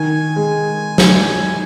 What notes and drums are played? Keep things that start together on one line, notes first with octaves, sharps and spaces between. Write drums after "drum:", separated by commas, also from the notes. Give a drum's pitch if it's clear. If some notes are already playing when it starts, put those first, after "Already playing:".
Already playing: D#3 G#5
G#3
drum: snare